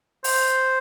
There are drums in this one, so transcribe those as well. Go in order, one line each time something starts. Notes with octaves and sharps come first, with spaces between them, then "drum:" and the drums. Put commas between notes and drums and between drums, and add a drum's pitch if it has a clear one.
C5, drum: open hi-hat